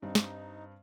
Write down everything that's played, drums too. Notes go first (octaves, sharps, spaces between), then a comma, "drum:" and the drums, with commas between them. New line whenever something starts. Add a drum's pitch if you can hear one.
G2 C4 D#4
drum: snare